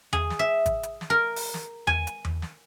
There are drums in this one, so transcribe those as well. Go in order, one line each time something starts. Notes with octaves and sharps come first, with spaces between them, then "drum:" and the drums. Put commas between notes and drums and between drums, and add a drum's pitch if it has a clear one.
G#4, drum: tom E2
drum: snare
E5
drum: kick G#1, hi-hat
drum: hi-hat
drum: snare
A#4
drum: open hi-hat
drum: snare
G#5, drum: tom E2
drum: hi-hat
drum: tom E2
drum: snare